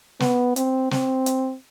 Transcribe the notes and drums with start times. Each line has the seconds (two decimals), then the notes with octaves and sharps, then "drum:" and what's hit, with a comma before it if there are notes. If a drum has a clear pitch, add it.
0.20 B3, drum: snare
0.56 C4, drum: hi-hat
0.91 C4, drum: snare
1.26 drum: hi-hat